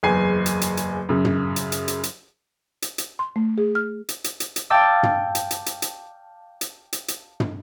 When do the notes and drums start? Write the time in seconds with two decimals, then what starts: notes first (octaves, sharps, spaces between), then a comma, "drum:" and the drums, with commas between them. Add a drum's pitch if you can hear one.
0.03 F#1 E2 G#4 G#5 C7
0.46 drum: hi-hat
0.61 drum: hi-hat
0.77 drum: hi-hat
1.09 F#2 C#3
1.25 drum: tom
1.56 drum: hi-hat
1.72 drum: hi-hat
1.88 drum: hi-hat
2.03 drum: hi-hat
2.82 drum: hi-hat
2.98 drum: hi-hat
3.19 C6
3.36 A3
3.58 G#4
3.75 F6
4.09 drum: hi-hat
4.24 drum: hi-hat
4.40 drum: hi-hat
4.56 drum: hi-hat
4.70 F5 G5 A5 D6 E6
5.03 drum: tom
5.35 drum: hi-hat
5.51 drum: hi-hat
5.66 drum: hi-hat
5.82 drum: hi-hat
6.61 drum: hi-hat
6.93 drum: hi-hat
7.08 drum: hi-hat
7.40 drum: tom